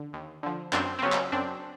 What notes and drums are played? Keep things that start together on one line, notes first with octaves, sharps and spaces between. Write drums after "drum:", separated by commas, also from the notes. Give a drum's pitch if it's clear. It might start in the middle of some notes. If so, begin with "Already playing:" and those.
Already playing: D3
D#2
D3 F3
F#2 C4 D4, drum: clap
C4
C#3 F#3 B3 C#4
drum: clap
F#2 C4 D4